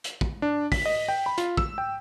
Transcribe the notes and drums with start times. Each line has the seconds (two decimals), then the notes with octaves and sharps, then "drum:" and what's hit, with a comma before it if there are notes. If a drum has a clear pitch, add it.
0.04 drum: hi-hat
0.21 drum: kick
0.42 D4
0.72 B6, drum: kick, open hi-hat
0.86 D#5
1.09 G5
1.26 B5
1.38 F4, drum: hi-hat
1.57 E6, drum: kick
1.78 G5